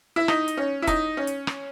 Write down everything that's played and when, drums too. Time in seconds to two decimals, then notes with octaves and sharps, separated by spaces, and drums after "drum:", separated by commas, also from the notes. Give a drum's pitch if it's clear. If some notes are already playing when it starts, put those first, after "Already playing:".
0.16 E4
0.28 D#4, drum: rim click
0.48 drum: hi-hat
0.57 C#4
0.82 E4
0.87 D#4, drum: kick F1, hi-hat
1.17 C#4
1.27 drum: hi-hat
1.47 drum: rim click